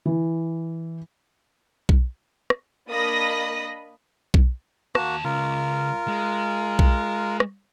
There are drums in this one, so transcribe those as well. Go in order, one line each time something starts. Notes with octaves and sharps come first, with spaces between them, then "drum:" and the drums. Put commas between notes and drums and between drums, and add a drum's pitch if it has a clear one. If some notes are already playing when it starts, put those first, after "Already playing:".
E3
drum: kick B1
drum: rim click
A#3 D4 D#5 B5 D#6 A#6
drum: kick B1
D#2 A#3 F#4 A5, drum: rim click
C#2 C#3 F4 A#4
G#3
drum: kick B1
drum: rim click